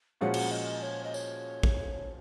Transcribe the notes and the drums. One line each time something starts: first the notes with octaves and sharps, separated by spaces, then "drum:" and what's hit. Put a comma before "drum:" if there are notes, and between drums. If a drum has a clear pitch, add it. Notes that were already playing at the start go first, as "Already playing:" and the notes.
A#2 F3 G#3 C#4 F#4 F#5
drum: cymbal
D#5
C#5
D#5
C#5, drum: tambourine
drum: kick A1